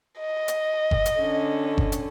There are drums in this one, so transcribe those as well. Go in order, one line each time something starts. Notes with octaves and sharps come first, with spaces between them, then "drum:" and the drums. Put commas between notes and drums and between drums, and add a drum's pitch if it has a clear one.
D#5
drum: hi-hat
drum: kick F#1
drum: hi-hat
D3 C#4
drum: kick F#1
drum: hi-hat